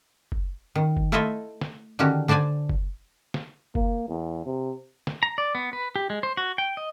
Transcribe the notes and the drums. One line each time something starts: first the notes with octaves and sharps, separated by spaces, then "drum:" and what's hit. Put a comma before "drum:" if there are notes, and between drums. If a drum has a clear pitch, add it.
drum: kick F#1
D#3
drum: kick F#1
A3 E4 F4 A4 D#5 E5
drum: snare
D3 D#3 C#4 F#4 G4
D3 D4 C5 D5 G#5
drum: kick F#1
drum: snare
A#3, drum: kick F#1
E2
C3
drum: snare
A#5
D5
B3
B4
G4
G#3
C5
F#4
G5
D#5